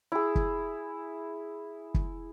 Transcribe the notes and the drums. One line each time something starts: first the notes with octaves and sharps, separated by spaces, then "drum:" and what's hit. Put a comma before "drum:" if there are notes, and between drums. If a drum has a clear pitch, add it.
E4 G#4
drum: kick
drum: kick